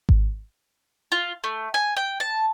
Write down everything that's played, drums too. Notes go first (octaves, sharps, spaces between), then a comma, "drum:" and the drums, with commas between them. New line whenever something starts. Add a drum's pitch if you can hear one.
drum: kick G#1
F4
A3
G#5
G5
A5